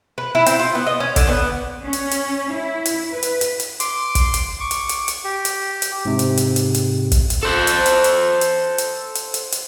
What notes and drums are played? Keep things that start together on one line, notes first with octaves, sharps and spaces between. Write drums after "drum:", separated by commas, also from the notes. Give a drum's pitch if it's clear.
B4
E4
C4, drum: hi-hat
F4
B3
D#5
C#4
D3, drum: kick, hi-hat
B3
C#4
drum: hi-hat
drum: hi-hat
E4
drum: hi-hat
B4
drum: hi-hat
drum: hi-hat
drum: hi-hat
C6 D6, drum: hi-hat
drum: kick, hi-hat
drum: hi-hat
C#6 D6
drum: hi-hat
drum: hi-hat
drum: hi-hat
G4
drum: hi-hat
drum: hi-hat
G#2 C3
drum: hi-hat
drum: hi-hat
drum: hi-hat
drum: hi-hat
drum: kick, hi-hat
drum: hi-hat
A4 C5
drum: hi-hat
drum: hi-hat
drum: hi-hat
drum: hi-hat
drum: hi-hat
drum: hi-hat
drum: hi-hat
drum: hi-hat